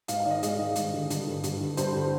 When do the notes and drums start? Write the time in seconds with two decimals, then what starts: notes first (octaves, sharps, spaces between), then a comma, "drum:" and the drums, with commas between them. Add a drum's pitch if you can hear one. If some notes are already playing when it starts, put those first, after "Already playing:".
0.08 G#2 F5, drum: hi-hat
0.15 D#5
0.20 F5
0.25 D#3 D5
0.31 D#5
0.43 G#2 G#4, drum: hi-hat
0.59 D#3
0.75 G2, drum: hi-hat
0.93 D3
1.10 G2, drum: hi-hat
1.27 D3
1.44 G2, drum: hi-hat
1.60 D3
1.77 G2 C5, drum: hi-hat
1.95 D3